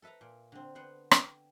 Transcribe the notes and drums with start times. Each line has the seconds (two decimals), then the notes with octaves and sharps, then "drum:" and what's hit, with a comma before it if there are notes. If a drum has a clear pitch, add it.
0.02 A4 B4 E5 A5 A#5
0.21 A#2
0.52 D3 C4
0.75 B3 C5 F#5
1.11 G5, drum: rim click